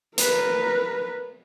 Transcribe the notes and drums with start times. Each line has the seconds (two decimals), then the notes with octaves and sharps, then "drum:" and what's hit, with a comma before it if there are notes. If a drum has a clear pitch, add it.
0.18 A#4 B4, drum: hi-hat